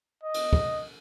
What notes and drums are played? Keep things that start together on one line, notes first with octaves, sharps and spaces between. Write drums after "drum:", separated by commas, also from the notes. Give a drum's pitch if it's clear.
D#5
drum: cymbal
drum: kick